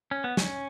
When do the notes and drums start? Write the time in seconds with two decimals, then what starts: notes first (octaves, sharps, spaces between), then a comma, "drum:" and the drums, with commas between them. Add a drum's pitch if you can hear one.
0.11 C#4
0.24 B3
0.37 C#4, drum: snare